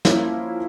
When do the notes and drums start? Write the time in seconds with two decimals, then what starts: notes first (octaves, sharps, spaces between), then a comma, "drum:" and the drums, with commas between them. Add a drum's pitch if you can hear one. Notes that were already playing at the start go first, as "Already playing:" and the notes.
0.05 F3 A#3 C#4 E4, drum: snare